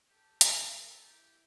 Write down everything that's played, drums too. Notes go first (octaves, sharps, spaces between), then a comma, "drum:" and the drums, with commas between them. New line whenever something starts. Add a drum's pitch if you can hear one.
G4 A4
G4 A#4, drum: hi-hat
A4 A#4
E4 G4